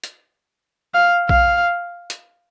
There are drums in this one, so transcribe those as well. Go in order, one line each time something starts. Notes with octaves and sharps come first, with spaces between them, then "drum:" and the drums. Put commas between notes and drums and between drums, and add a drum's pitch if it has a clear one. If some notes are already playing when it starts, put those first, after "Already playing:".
drum: hi-hat
F5
F5, drum: kick
drum: hi-hat